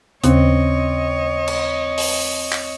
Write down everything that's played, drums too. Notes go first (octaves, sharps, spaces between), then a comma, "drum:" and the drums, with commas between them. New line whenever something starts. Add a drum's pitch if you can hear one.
D#2 C#3 C4 C#5 D#5, drum: hi-hat
drum: cymbal
drum: open hi-hat
drum: clap